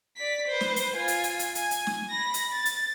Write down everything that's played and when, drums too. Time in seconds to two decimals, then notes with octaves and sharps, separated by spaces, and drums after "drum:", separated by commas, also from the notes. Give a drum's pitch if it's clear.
0.17 D5 B6
0.48 B4 C5
0.61 drum: snare
0.76 drum: hi-hat
0.96 F4 G#5
1.08 drum: hi-hat
1.24 drum: hi-hat
1.39 drum: hi-hat
1.55 G#5, drum: hi-hat
1.71 drum: hi-hat
1.87 drum: snare
2.11 B5 A#6
2.34 drum: hi-hat
2.53 A6
2.65 drum: hi-hat